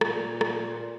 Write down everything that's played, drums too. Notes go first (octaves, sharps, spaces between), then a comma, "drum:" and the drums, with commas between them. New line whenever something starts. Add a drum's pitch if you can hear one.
A#2, drum: rim click
drum: rim click